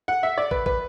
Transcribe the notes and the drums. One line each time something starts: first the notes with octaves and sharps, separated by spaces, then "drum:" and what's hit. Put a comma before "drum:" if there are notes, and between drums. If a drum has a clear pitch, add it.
F#5
E5
D5
B4, drum: kick
B4, drum: kick